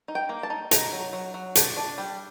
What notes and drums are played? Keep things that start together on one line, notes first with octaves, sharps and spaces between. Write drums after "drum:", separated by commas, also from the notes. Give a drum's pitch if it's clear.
D#4
G5
A#3
A5
D#4
D#4 A#5, drum: hi-hat
F#3
F#3
F#3
D4, drum: hi-hat
D4
G3